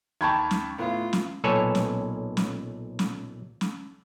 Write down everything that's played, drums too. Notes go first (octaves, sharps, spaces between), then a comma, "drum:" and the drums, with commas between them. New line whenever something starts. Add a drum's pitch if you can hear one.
D#2 G5 A5 B5 C#6 G#6
drum: snare
A2 B3 F4
drum: snare
B1 A#2 A4 B4 C#5 G#5
drum: snare
drum: snare
drum: snare
drum: snare